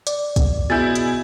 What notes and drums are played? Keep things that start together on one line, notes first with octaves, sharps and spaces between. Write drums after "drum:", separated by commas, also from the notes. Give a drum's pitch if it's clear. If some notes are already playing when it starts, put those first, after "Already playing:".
D5, drum: hi-hat
drum: kick, hi-hat
B2 E4 G#4 G6 A6
drum: hi-hat